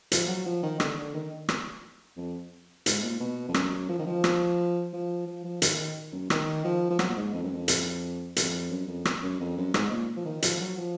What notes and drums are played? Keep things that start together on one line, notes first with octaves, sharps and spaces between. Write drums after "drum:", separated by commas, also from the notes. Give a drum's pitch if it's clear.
F3, drum: hi-hat
F#3
F3
D#3
D3, drum: rim click
D3
D#3
drum: rim click
F2
G#2, drum: hi-hat
A#2
B2
F2
F#2, drum: rim click
F3
D#3
F3
drum: rim click
F3
F3
F3
D#3, drum: hi-hat
F#2
D#3, drum: rim click
F3
F3
F#3, drum: rim click
A#2
G#2
F2
F#2
F2
drum: hi-hat
F2, drum: hi-hat
F#2
F2
drum: rim click
F#2
F2
F#2
G#2, drum: rim click
A#2
F3
D#3
F3, drum: hi-hat
F#3
F3